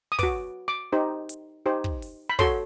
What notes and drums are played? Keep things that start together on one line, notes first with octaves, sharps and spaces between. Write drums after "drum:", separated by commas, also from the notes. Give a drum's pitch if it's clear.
D#6
F#4 B4 D6, drum: kick, open hi-hat
D6
D#4 G4 C5
drum: hi-hat
D#4 G4 C5
drum: kick
drum: open hi-hat
B5
F#4 A4 C#5 C6, drum: kick, open hi-hat